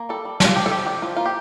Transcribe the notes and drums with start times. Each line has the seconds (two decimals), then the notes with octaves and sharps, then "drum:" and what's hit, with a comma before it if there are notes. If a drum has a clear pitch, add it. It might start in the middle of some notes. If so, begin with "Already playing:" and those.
Already playing: A#3
0.09 G3 A4
0.25 G3
0.40 G3 F4, drum: snare
0.55 F3 G4
0.66 A4
0.71 F3 G4
0.86 D4 G4
1.02 F3 F4
1.16 A#3 F4
1.25 G4